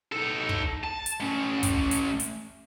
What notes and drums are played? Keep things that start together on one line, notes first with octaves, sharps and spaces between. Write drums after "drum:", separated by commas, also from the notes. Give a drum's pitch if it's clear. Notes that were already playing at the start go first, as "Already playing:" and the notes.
D#4 A4
drum: kick
A5
drum: hi-hat
A3 C#4
drum: kick, hi-hat
drum: hi-hat
drum: hi-hat